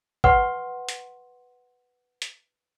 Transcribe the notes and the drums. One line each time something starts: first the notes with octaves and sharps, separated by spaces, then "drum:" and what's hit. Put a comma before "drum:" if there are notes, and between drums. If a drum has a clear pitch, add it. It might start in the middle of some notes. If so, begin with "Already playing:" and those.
B4 F#5 C6 C#6, drum: kick
drum: hi-hat
drum: hi-hat